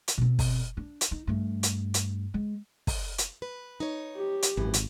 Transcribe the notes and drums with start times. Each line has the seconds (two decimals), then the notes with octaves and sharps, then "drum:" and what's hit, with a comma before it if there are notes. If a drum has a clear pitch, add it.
0.08 drum: hi-hat
0.18 B2 C4
0.39 drum: kick, open hi-hat
0.77 D4
1.01 drum: hi-hat
1.11 D#4
1.27 G2 A3
1.63 drum: hi-hat
1.94 drum: hi-hat
2.34 G#3
2.87 drum: kick, open hi-hat
3.18 drum: hi-hat
3.42 B4
3.80 D#4 C#5
4.16 G4
4.42 drum: hi-hat
4.57 G#1 F#2 E3
4.74 drum: hi-hat